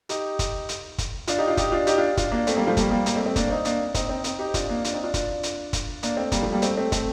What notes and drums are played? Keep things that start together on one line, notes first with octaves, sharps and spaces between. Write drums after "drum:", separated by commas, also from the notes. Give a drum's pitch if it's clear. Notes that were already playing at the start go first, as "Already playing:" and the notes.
D#4 G4, drum: hi-hat
drum: kick, hi-hat
drum: hi-hat
drum: kick, hi-hat
D4 F4, drum: hi-hat
D#4 G4
D4 F4
D#4 G4, drum: kick, hi-hat
D4 F4
D#4 G4, drum: hi-hat
D4 F4
D4 F4, drum: kick, hi-hat
A#3 D4
A3 C4, drum: hi-hat
G3 A#3
F3 A3
G3 A#3, drum: kick, hi-hat
G3 A#3
G3 A#3, drum: hi-hat
A3 C4
A3 C4
A#3 D4, drum: kick, hi-hat
C4 D#4
A#3 D4, drum: hi-hat
C4 D#4, drum: kick, hi-hat
C4 D#4
C4 D#4, drum: hi-hat
D#4 G4
D4 F4, drum: kick, hi-hat
A#3 D4
D4 F4, drum: hi-hat
C4 D#4
D4 F4
D4 F4, drum: kick, hi-hat
drum: hi-hat
drum: kick, hi-hat
A#3 D4, drum: hi-hat
A3 C4
G3 A#3, drum: kick, hi-hat
F3 A3
G3 A#3
A3 C4, drum: hi-hat
A3 C4
A3 C4, drum: kick, hi-hat